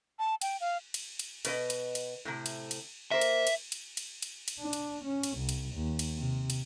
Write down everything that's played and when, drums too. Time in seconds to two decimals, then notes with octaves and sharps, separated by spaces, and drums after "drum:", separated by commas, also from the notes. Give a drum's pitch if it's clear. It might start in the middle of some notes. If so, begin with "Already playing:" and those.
0.19 A5
0.41 G5, drum: cymbal
0.60 F5
0.94 drum: cymbal
1.19 drum: cymbal
1.45 B2 B4 D#5, drum: cymbal
1.70 drum: cymbal
1.95 drum: cymbal
2.25 A2 C3
2.46 drum: cymbal
2.71 drum: cymbal
3.11 A#3 C5 E5
3.21 drum: cymbal
3.47 drum: cymbal
3.72 drum: cymbal
3.97 drum: cymbal
4.22 drum: cymbal
4.48 drum: cymbal
4.60 D4
4.73 drum: cymbal
5.05 C#4
5.23 drum: cymbal
5.38 C2
5.49 drum: cymbal
5.75 D#2
5.99 drum: cymbal
6.17 C3
6.50 drum: cymbal